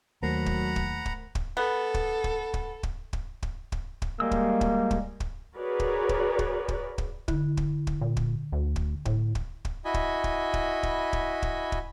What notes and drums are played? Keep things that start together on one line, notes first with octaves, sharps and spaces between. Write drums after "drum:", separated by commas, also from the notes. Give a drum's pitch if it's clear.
D#2 F#3 A3 A#4 C5 F#5 A#5 B5
drum: kick
drum: kick
drum: kick
drum: kick
B3 A4
drum: kick
drum: kick
drum: kick
drum: kick
drum: kick
drum: kick
drum: kick
drum: kick
G3 G#3 A#3 E6
drum: kick
drum: kick
drum: kick
drum: kick
F#4 G#4 A#4 B4 C#5 D5
drum: kick
drum: kick
drum: kick
drum: kick
drum: kick
D3 E4, drum: kick
drum: kick
drum: kick
A#2
drum: kick
D2
drum: kick
A2, drum: kick
drum: kick
drum: kick
E4 F#4 D#5 G#5 B5
drum: kick
drum: kick
drum: kick
drum: kick
drum: kick
drum: kick
drum: kick